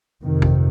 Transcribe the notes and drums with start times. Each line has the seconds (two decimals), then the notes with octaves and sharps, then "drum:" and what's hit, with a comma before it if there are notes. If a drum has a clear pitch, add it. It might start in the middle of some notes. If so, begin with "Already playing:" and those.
0.23 F2 C3 D#3
0.42 drum: kick